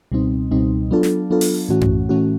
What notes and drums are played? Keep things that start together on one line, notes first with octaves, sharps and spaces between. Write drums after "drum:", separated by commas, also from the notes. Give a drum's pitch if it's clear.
C#2 B2 G3 C4 D#4
C#2 B2 G3 C4 D#4
F#3 B3 D4 F4 A4
drum: snare
F#3 B3 D4 F4 A4
drum: open hi-hat
A2 E3 A3 C#4 F#4
drum: tom F#2
A2 E3 A3 C#4 F#4